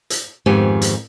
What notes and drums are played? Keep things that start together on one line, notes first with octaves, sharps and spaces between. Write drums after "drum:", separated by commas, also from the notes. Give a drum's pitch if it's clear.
drum: hi-hat
F2 G#2 D#3 B3 G4 G#5
drum: hi-hat